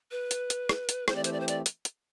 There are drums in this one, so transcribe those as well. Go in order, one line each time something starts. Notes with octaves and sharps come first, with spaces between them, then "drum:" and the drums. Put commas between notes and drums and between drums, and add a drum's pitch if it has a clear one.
B4
drum: hi-hat
drum: hi-hat
drum: rim click
drum: hi-hat
E3 A3 C4 G4 C5, drum: rim click
D5
C5, drum: hi-hat
D5
C5
D5, drum: hi-hat
drum: hi-hat
drum: hi-hat